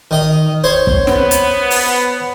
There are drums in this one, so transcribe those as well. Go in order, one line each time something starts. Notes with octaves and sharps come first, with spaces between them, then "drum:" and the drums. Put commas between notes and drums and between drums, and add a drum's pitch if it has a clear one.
D#3 D#5
C5 C#5 C6
drum: kick
B3, drum: snare
drum: hi-hat
drum: open hi-hat